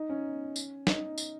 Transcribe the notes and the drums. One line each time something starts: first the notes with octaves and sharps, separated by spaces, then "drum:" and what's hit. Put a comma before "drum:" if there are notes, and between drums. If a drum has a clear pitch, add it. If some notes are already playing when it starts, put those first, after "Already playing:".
Already playing: D#4
C#4
drum: tambourine
D#4, drum: snare
drum: tambourine